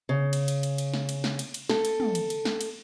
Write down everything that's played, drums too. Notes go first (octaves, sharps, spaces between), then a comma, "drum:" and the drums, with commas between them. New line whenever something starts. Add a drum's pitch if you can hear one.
C#3
drum: cymbal
drum: cymbal
drum: cymbal
drum: cymbal
drum: snare
drum: cymbal
drum: snare
drum: cymbal
drum: cymbal
A4, drum: snare
drum: cymbal
drum: tom
drum: cymbal
drum: cymbal
drum: snare
drum: cymbal